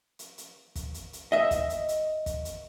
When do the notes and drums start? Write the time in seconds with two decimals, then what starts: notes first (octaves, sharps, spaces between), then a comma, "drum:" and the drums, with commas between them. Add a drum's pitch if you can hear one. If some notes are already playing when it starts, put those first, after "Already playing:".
0.19 drum: hi-hat
0.38 drum: hi-hat
0.75 drum: kick, hi-hat
0.94 drum: hi-hat
1.13 drum: hi-hat
1.32 D#5 E5
1.51 drum: kick, hi-hat
1.70 drum: hi-hat
1.88 drum: hi-hat
2.26 drum: kick, hi-hat
2.45 drum: hi-hat